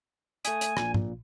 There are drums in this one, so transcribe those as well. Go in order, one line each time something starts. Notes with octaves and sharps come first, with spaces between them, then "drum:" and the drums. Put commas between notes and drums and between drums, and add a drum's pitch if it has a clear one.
A3 G#5 D#6, drum: hi-hat
drum: hi-hat
A#1 A#2, drum: rim click
drum: tom G#2